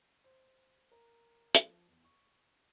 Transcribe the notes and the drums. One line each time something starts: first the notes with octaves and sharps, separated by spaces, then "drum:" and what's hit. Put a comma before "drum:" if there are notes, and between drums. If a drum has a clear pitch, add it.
C5
A#4
drum: hi-hat
F3
E2
C#6